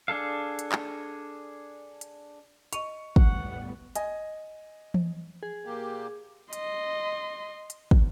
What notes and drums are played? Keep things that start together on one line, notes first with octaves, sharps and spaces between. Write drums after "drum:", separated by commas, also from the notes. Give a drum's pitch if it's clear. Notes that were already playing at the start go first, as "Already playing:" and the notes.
D4 G#4 A4 F5
drum: hi-hat
drum: clap
drum: hi-hat
D#5 C#6 D#7 F7, drum: hi-hat
A2 G3 B3 F#5, drum: kick
D#5 G#5, drum: hi-hat
drum: tom E3
G#4
A#2 A#3 G4
D#5 C6, drum: hi-hat
drum: hi-hat
drum: kick